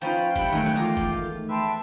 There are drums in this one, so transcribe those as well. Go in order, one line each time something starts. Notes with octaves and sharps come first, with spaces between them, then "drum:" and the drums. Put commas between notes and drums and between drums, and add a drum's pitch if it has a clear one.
F3 C#4 D#4 F4 B4 G5 B5
G3 E4 F#5 B5 D7, drum: kick F1, hi-hat
D#3 F#3 G#3 A3
drum: rim click
E2 F4 A#5 D6
drum: kick F1, hi-hat
B4 E5 G5 A5 C6